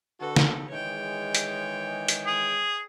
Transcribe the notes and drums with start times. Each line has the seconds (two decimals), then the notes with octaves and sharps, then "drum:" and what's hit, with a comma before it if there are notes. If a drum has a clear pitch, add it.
0.20 D3 F#4 A4 B4
0.36 drum: snare
0.70 D#3 E3 G#3 C#5 G5
1.35 drum: hi-hat
2.08 drum: hi-hat
2.26 G#4